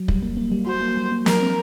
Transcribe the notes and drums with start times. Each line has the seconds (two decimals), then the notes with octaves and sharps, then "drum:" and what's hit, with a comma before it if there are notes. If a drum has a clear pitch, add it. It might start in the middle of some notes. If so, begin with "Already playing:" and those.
Already playing: F#3
0.08 G3, drum: kick
0.22 A#3
0.37 A#3
0.52 G3
0.67 F#4 C5
0.81 A#3
0.97 G3
1.12 A#3
1.26 F#3 A#4, drum: snare
1.41 C4